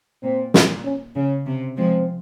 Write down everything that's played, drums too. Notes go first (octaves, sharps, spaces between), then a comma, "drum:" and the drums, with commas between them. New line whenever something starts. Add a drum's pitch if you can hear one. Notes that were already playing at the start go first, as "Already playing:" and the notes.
A#2 C4
A#2, drum: snare
C#4
C#3 C#4
C3
F3 G#3 C4